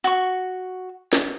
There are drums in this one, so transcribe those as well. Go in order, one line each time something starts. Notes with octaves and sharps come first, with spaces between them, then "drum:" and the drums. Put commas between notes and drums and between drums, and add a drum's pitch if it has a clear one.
F#4 C#6
drum: snare